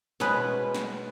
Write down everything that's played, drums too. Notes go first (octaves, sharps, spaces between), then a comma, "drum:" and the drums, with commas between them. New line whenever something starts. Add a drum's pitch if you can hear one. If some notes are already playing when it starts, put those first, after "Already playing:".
B2 G#3 C#4 B4, drum: snare
drum: snare